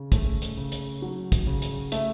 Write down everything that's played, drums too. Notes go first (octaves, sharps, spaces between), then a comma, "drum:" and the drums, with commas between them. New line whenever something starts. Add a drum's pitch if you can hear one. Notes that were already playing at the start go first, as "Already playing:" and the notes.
Already playing: C#3
A3, drum: kick, hi-hat
drum: hi-hat
C#3
drum: hi-hat
F#3
drum: kick, hi-hat
C#3
drum: hi-hat
A3 E5, drum: hi-hat